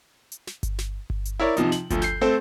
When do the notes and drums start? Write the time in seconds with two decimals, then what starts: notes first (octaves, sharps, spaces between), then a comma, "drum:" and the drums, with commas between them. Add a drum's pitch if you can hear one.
0.32 drum: hi-hat
0.47 drum: snare
0.63 drum: kick G1, hi-hat
0.79 drum: snare
1.10 drum: kick G1
1.25 drum: hi-hat
1.40 E4 A#4 C#5 D5
1.57 C3 F3 D#4, drum: hi-hat
1.72 F#7, drum: snare
1.90 D2 F3, drum: kick G1, hi-hat
2.02 G6 C7, drum: snare
2.21 A3 C4 A4 C5